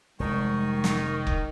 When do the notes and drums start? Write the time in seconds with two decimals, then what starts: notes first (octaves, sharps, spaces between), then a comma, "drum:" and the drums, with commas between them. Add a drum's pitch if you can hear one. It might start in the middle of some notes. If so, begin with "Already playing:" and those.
0.20 F1 D#3 G3 G#3 A#3 C#6
0.84 drum: snare
1.27 drum: kick F1